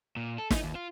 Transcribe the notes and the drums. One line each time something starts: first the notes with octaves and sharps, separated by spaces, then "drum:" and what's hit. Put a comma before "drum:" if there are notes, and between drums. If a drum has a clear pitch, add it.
A#2
A4
D#4, drum: snare
D#2
F4